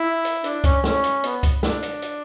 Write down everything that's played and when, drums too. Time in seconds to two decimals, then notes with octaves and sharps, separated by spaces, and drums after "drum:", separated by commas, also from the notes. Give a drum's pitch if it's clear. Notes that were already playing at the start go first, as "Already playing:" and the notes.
Already playing: E4
0.25 drum: hi-hat
0.44 D4, drum: hi-hat
0.64 C#4, drum: kick C#2, hi-hat
0.84 C#4, drum: snare
1.04 drum: hi-hat
1.24 B3, drum: hi-hat
1.43 drum: kick C#2, hi-hat
1.63 D4, drum: snare
1.83 drum: hi-hat
2.02 drum: hi-hat